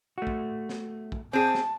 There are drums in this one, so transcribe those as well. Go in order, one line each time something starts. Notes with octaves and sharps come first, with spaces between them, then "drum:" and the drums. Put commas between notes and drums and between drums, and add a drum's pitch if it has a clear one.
A3 F#4
drum: kick
drum: snare
drum: kick
C4 G#4 A5
drum: snare